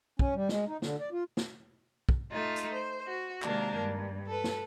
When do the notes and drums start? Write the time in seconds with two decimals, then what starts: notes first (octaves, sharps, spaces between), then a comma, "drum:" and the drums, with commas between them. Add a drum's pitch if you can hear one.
0.19 C#4, drum: kick
0.34 G3
0.49 G#3, drum: snare
0.67 D#4
0.82 D3, drum: snare
1.00 D5
1.12 F4
1.37 drum: snare
2.09 drum: kick
2.31 A3 D#4 F4
2.56 drum: hi-hat
2.72 C5
3.05 F#4
3.42 C3 D#3 G#3 A#3 D4 A#4, drum: clap
3.78 G2
4.27 A4 B4
4.44 drum: snare